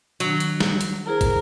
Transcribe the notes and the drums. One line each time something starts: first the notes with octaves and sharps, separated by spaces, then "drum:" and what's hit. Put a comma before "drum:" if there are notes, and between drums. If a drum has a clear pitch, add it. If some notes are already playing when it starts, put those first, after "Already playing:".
D#3 F#3 D4, drum: hi-hat
drum: hi-hat
drum: snare
drum: hi-hat
E4 G#4 A#4 C5
drum: kick, hi-hat